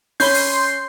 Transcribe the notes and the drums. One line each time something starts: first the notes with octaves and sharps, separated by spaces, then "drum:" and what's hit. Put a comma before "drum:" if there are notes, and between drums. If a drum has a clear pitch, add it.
C#4 B5 C6 G6 C7, drum: open hi-hat
drum: open hi-hat